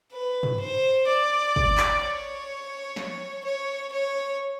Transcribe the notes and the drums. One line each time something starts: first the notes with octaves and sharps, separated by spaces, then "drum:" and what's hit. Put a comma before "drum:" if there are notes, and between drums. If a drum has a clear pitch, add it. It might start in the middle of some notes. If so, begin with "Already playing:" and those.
B4
drum: tom G2
C5
D5
drum: kick
drum: clap
C#5
drum: snare
C#5
C#5